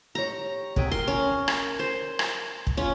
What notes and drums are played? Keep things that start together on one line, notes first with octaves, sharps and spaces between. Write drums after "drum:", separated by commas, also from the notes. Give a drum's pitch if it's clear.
G4 C#5 A#5
C3 G#4 G5, drum: kick
A#4 C6
C#4
drum: rim click
C5
drum: rim click
drum: kick
C#4 F4